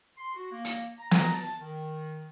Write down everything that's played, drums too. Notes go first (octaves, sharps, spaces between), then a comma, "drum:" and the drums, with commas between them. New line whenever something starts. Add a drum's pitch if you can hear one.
C6
F#4
A#3
drum: hi-hat
A#5
drum: snare
A5
D#3